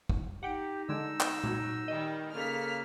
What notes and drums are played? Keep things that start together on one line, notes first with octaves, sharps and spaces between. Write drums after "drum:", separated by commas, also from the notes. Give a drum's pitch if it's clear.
drum: kick
D#4 G4 F#5 G5 D7
D3 G#3 D4 E6
drum: clap
F#3, drum: tom A#2
D#3 G3 D#5
C#3 A#3 A4 F6 B6